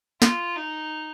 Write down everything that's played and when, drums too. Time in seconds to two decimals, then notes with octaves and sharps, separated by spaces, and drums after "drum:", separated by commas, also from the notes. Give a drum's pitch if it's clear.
0.22 F4, drum: snare
0.56 D#4